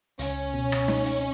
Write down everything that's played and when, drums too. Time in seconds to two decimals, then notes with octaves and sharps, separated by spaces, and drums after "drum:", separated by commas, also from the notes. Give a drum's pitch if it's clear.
0.19 C#2 C#4, drum: hi-hat
0.54 B2
0.72 drum: rim click
0.88 D#4, drum: snare
1.04 drum: hi-hat